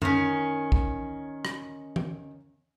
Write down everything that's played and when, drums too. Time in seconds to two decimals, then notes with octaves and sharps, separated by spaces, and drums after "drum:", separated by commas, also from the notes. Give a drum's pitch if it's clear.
0.02 D#3 C#4, drum: tom F#2
0.72 drum: kick
1.45 drum: rim click
1.96 drum: tom E3